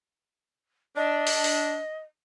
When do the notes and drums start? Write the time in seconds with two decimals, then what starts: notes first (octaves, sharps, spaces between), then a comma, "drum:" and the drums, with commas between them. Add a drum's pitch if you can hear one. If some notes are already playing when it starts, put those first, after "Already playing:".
0.96 D4 D#5
1.27 drum: open hi-hat
1.44 drum: open hi-hat